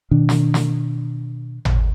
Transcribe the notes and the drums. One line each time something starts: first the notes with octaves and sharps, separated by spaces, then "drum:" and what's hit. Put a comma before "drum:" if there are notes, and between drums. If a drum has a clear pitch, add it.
B2 D#3 D4
drum: snare
drum: snare
drum: tom G#1